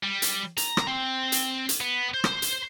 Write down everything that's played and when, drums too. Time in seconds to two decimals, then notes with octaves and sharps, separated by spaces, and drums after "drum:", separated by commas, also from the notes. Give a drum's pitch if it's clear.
0.04 G3
0.22 drum: hi-hat
0.57 A#5, drum: hi-hat
0.77 drum: rim click
0.87 C4
1.32 drum: hi-hat
1.69 drum: hi-hat
1.81 B3
2.14 C5
2.24 drum: rim click
2.42 drum: hi-hat